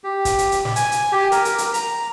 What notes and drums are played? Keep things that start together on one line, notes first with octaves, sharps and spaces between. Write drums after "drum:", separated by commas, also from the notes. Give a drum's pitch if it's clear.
G4
drum: kick, hi-hat
drum: hi-hat
drum: hi-hat
drum: snare
G#5, drum: hi-hat
drum: hi-hat
G4
A#4, drum: hi-hat
drum: hi-hat
drum: hi-hat
A#5, drum: hi-hat